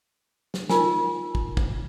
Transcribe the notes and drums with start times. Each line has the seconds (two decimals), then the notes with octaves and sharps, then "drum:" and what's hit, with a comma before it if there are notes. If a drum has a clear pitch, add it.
0.54 drum: snare
0.69 D#4 F4 A#4 G#5, drum: snare
1.35 drum: kick
1.57 drum: kick